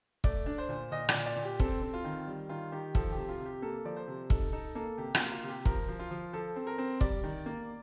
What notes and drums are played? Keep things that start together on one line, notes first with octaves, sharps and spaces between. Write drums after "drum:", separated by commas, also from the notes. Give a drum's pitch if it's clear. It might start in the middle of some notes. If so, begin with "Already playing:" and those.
A3 D5, drum: kick
D4
C5
A#2
A#2 D#5
D5, drum: rim click
A#2
D5
A#2
G4
C4 A4, drum: kick
C4
F4
D#3
G3
D#3 F4
D#3 G4
F3 A4, drum: kick
G4
C3
F4
C3
G4
A#3 A4
F3 D5
C5
C3
D#4 A4, drum: kick
D#4 A4
A#3 A4
C3 G4
F4, drum: rim click
A#3
F4
C3
G4
F3 A#4, drum: kick
F3
F4
F3
F3 A4
C4
A#4
C4
G3 D5, drum: kick
D#3
A#3